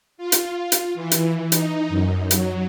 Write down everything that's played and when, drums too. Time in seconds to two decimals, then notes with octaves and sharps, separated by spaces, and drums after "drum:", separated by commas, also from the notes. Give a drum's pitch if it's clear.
0.17 F4
0.32 drum: hi-hat
0.72 drum: hi-hat
0.95 E3
1.11 drum: hi-hat
1.52 D#4, drum: hi-hat
1.89 F#2
2.31 F#3, drum: hi-hat